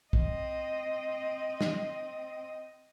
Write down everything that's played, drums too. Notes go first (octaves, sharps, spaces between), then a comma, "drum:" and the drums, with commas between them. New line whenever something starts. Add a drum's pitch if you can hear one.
C4 D#5, drum: kick
drum: snare